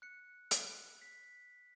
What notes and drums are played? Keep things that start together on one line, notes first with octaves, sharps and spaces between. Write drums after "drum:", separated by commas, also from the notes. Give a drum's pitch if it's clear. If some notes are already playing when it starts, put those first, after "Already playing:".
F#6 C#7
drum: hi-hat
B6